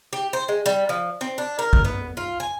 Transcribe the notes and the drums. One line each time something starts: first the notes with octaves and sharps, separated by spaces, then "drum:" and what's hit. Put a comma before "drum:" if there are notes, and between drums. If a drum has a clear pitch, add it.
G4
C5
G#3
G3
F3
C4
D4
A#4
drum: kick
B3
F4
G#5